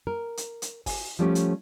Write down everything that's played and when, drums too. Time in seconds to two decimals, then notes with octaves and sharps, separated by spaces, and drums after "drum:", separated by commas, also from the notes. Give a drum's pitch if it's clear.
0.07 A#4
0.37 drum: hi-hat
0.62 drum: hi-hat
0.86 G#5, drum: kick G1, open hi-hat
1.19 F3 G3 A3 C#4 G4
1.35 drum: hi-hat